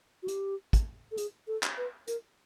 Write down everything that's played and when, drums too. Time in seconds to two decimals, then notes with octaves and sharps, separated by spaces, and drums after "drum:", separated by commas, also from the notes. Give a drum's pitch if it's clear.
0.23 F#4
0.28 G4, drum: hi-hat
0.73 drum: kick, hi-hat
1.12 A4
1.17 G#4, drum: hi-hat
1.48 A4
1.63 drum: clap
1.78 B4
2.08 A#4, drum: hi-hat